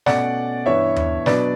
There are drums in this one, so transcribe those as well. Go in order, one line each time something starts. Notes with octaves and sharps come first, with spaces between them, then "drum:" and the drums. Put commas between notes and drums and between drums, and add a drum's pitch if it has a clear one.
B2 A3 C#4 D5 F#5, drum: snare
G2 E3 B3 E4 C#5 E5
drum: tom D#2
B2 F#3 B3 D4 B4 D5, drum: snare